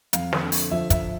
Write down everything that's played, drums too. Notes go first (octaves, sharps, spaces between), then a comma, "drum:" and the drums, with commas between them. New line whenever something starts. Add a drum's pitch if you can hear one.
F2 F5, drum: hi-hat
drum: snare
D3
drum: open hi-hat
F3 E5
E5, drum: kick, hi-hat